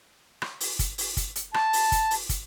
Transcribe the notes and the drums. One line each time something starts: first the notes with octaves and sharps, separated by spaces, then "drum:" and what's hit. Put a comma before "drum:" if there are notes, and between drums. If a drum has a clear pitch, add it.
drum: rim click
drum: open hi-hat
drum: kick, hi-hat
drum: open hi-hat
drum: kick, hi-hat
drum: hi-hat
A5, drum: rim click
drum: open hi-hat
drum: kick, hi-hat
drum: open hi-hat
drum: kick, hi-hat